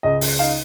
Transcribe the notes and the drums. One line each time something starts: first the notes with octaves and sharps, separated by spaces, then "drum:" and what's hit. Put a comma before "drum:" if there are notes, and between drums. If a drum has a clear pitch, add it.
C#2 D#5
C#2, drum: open hi-hat
D#4 F5